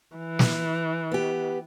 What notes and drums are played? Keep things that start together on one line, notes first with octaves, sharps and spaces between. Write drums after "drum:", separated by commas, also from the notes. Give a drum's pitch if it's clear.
E3
drum: snare
B3 G4